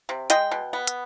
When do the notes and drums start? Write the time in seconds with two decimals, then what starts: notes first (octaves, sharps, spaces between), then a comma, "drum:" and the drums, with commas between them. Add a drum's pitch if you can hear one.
0.09 C3
0.30 G#3 D#5 G5, drum: hi-hat
0.51 B2
0.73 B3
0.87 drum: hi-hat